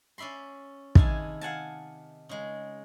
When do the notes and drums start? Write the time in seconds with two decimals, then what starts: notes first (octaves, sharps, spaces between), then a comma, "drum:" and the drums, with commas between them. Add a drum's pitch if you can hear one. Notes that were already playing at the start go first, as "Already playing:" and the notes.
0.18 C#4 D5 E5 B5 C6
0.95 C3 D#3 E4 G#4 G#5 A5, drum: kick
1.41 F5 F#5 G#5 A5
2.29 C#3 G#3